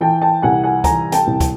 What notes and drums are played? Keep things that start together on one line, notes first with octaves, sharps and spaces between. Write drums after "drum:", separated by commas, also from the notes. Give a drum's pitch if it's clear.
E3 G5 A5
G5 A5
C2 F#5 G#5
F#5 G#5
E3 G#5 A#5, drum: kick, hi-hat
G5 A5, drum: hi-hat
C2
drum: kick, hi-hat